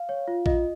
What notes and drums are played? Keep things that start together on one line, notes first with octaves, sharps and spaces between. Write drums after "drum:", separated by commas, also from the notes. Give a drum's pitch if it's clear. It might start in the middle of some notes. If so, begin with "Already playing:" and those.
Already playing: F5
C#5
F4
F4 D#5, drum: kick A#1